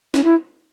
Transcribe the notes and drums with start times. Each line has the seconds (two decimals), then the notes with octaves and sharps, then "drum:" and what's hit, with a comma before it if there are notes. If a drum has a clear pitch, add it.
0.14 C#4, drum: snare
0.24 E4